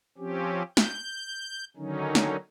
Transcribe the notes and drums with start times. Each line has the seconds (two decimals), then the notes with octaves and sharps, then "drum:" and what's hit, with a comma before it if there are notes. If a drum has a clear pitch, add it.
0.18 F3 C4 C#4 G4
0.77 G6, drum: snare
1.77 D3 D#3 F#3 C#4 D#4
2.15 drum: snare